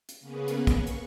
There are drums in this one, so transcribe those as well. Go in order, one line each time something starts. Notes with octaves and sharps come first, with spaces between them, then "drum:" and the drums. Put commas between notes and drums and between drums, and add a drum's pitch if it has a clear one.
drum: hi-hat
C#3 A#3 B3 C#4 G#4 B4
drum: hi-hat
C#6, drum: kick, hi-hat
drum: hi-hat